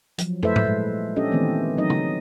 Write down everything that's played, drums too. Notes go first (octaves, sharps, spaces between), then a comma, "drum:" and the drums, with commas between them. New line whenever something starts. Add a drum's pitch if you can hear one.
F3 F#3, drum: hi-hat
A3 E4 A4 B4 C5 E5, drum: tom
drum: tom
A#2 G#3
C#4 D4 G4 A4 D#5
D#3 E3 A3 B3 C4
F#3 C4 D#4 D#5
drum: tom C#3